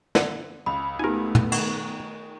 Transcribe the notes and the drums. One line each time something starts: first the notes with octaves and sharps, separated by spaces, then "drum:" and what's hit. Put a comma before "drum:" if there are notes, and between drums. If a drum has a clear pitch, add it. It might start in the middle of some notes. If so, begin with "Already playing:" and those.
D3, drum: snare
C#2 B5
A3 B3 D#4 G4 A#4 G#5
drum: tom
D#3 F#5 C#6, drum: cymbal